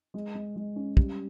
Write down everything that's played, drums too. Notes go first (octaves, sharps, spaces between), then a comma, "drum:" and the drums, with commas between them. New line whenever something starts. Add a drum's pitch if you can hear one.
G#3
G#3
G#3
C#4
G3, drum: kick